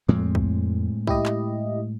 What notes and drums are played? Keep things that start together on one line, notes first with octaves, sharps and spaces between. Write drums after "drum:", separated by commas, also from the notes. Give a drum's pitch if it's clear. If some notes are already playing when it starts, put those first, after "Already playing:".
F2 A2 G#3 C4
drum: kick C2
E4 G4 D#5, drum: kick C2
drum: clap